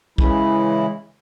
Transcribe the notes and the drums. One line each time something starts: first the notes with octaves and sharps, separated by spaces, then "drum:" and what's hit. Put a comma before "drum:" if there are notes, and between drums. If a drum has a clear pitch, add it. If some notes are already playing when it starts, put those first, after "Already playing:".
C#3 E3 G#3 E4, drum: kick